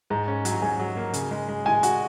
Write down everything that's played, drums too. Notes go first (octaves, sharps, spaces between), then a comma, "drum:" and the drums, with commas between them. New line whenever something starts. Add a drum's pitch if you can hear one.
G#2 A#5
C#4
F#3, drum: hi-hat
A#5
G#2 G#5
F#3
A#3
C#3, drum: hi-hat
G#3
G#3
G#3 G#5
F#4, drum: hi-hat